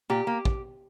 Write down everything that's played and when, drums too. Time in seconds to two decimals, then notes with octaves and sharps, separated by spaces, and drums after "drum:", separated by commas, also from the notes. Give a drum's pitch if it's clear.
0.10 A#2 G4
0.27 A#3
0.45 drum: kick